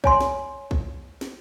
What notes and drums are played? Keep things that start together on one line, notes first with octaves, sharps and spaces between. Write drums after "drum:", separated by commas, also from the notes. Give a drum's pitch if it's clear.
C#5 G#5 C6, drum: kick
drum: snare
drum: kick
drum: snare